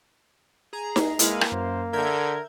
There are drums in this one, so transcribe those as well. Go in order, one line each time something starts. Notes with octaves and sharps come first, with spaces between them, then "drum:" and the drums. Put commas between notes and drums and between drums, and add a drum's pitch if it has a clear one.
G#4 A#5
drum: snare D#4
G#3 A#3 E4 B4 F5, drum: hi-hat
drum: rim click
F#2 C5
D3 A#4 E5 G6 G#6